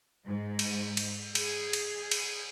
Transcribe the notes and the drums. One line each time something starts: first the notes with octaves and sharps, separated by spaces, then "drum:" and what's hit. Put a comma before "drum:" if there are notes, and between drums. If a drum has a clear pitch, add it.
G#2
drum: cymbal
drum: cymbal
G#4, drum: cymbal
drum: cymbal
drum: cymbal